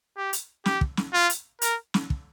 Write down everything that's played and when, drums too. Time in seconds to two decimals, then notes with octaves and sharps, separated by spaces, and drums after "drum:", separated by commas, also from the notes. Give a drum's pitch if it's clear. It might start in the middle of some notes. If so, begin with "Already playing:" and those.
0.17 G4
0.33 drum: hi-hat
0.66 G4, drum: snare
0.81 drum: kick
0.97 drum: snare
1.13 F4
1.30 drum: hi-hat
1.62 A#4, drum: hi-hat
1.94 drum: snare
2.10 drum: kick